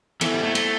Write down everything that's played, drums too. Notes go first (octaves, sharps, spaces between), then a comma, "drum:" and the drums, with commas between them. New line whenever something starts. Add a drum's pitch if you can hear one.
E3 B3 E4 A4 C5 E5, drum: cymbal
G3
A3
A3, drum: cymbal